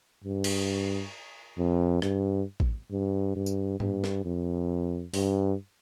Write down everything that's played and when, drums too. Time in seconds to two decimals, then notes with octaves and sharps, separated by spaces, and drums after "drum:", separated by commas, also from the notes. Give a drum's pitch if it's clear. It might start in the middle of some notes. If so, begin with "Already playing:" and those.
0.24 G2
0.44 drum: cymbal
1.58 F2
2.02 G2, drum: rim click
2.60 drum: kick A1
2.91 G2
3.35 G2
3.46 drum: tambourine
3.80 G2, drum: tom G#2
4.04 drum: snare
4.25 F2
5.14 G2, drum: open hi-hat